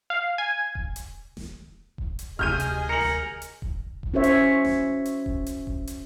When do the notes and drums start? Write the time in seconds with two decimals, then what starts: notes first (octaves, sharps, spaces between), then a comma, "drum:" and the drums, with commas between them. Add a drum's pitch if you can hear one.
0.10 F5
0.38 G#5
0.75 drum: kick D#1
0.96 drum: hi-hat
1.37 drum: snare D#1
1.98 drum: kick D#1
2.19 drum: hi-hat
2.39 D2 C3 G#4 D#5 G#5 F6 G6 D#7, drum: kick D#1
2.60 drum: hi-hat
2.89 A#4 A#5 C#7 F#7
3.01 drum: snare D#1
3.42 drum: hi-hat
3.62 drum: kick D#1
4.03 drum: kick D#1
4.14 C#4 F#4 C5 C#5 E5
4.24 drum: hi-hat
4.65 drum: snare D#1
5.06 drum: hi-hat
5.26 drum: kick D#1
5.46 drum: hi-hat
5.67 drum: kick D#1
5.87 drum: hi-hat